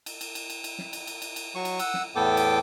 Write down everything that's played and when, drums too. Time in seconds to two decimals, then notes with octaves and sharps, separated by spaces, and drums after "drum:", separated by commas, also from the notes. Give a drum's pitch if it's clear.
0.06 drum: cymbal
0.21 drum: cymbal
0.35 drum: cymbal
0.50 drum: cymbal
0.64 drum: cymbal
0.78 drum: snare
0.93 drum: cymbal
1.07 drum: cymbal
1.22 drum: cymbal
1.36 drum: cymbal
1.55 F#3 C#6
1.65 drum: cymbal
1.79 F#5 E6, drum: cymbal
1.94 drum: snare
2.16 E2 A2 B3 A4 G5 D6
2.37 drum: cymbal